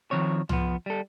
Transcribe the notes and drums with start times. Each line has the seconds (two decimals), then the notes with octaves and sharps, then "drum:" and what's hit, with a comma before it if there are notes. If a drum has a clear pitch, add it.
0.11 D#3 F3 C4 C#5
0.49 F3 B3, drum: tom
0.86 G3 A4